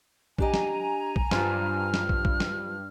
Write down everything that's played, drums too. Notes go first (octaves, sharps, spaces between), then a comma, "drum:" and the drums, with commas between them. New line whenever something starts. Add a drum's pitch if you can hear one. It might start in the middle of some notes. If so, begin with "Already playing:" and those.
D4 G4 D#5 G#5 A#5, drum: kick
drum: snare
drum: kick
G2 F4 C5 F6, drum: snare
drum: snare
drum: kick
drum: kick
drum: snare